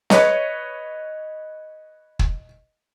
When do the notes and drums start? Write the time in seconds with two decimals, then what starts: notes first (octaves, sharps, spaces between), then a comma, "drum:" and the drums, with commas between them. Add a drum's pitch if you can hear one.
0.10 B4 C#5 D#5, drum: snare
2.19 drum: kick